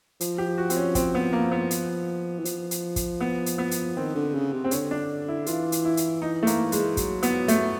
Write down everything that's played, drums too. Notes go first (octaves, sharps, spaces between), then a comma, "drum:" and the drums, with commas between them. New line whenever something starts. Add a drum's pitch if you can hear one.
F3, drum: hi-hat
G4
F#4
C4, drum: hi-hat
C#4
C4, drum: kick, hi-hat
B3
A#3
B3
drum: hi-hat
E3
F3, drum: hi-hat
drum: hi-hat
drum: kick, hi-hat
B3
drum: hi-hat
B3
drum: hi-hat
D#3 C4
D3
C#3
C3
C4
D3 C#4, drum: hi-hat
D4
E4
E3 F4, drum: hi-hat
drum: hi-hat
E4
drum: hi-hat
D#4
A3
A#3, drum: hi-hat
G#3, drum: hi-hat
F#3, drum: kick, hi-hat
B3, drum: hi-hat
A3, drum: hi-hat